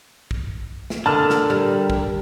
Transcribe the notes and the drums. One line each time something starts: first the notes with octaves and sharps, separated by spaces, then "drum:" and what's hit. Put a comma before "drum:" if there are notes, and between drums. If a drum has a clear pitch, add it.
drum: kick
drum: snare
D3 A#4 A5 F6
drum: snare
G3
drum: kick